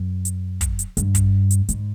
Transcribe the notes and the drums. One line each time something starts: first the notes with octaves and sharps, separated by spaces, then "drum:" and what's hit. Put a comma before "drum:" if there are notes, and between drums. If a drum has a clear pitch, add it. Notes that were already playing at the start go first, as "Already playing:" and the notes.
Already playing: F#2
drum: hi-hat
drum: kick, hi-hat
drum: hi-hat
G2, drum: hi-hat
drum: kick, hi-hat
drum: hi-hat
G#2, drum: hi-hat